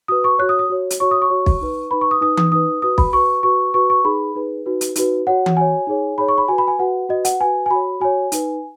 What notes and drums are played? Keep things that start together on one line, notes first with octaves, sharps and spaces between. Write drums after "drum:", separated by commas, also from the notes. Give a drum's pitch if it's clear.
F#4 B4 D#6
C#6
F#4 C#5 F#6
D#6
D#6
F#4 C#5
drum: hi-hat
F#4 C#5 C#6
D#6
C#6
F#4 C#5
drum: kick
D#4 B4
D#4 B4 B5
C#6
D#6
D#4 B4 D#6
D#6, drum: tom E3
D#4 B4 D#6
F#4 B4 D#6
B5, drum: kick
F#4 B4 C#6
F#4 B4 C#6
F#4 B4 C#6
C#6
D#4 G#4 B4 B5
D#4 G#4 B4
D#4 F#4 B4
drum: hi-hat
D#4 F#4 B4, drum: hi-hat
F#4 C#5 F#5
drum: tom E3
F#4 C#5 G#5
D#4 G#4 C#5
D#4 G#4 C#5 B5
C#6
B5
F#4 B4 G#5
B5
G#5
F#4 B4 F#5
F#4 B4 D#5
F#5, drum: hi-hat
F#4 B4 G#5
G#5
F#4 C#5 B5
F#4 C#5 G#5
D#4 B4, drum: hi-hat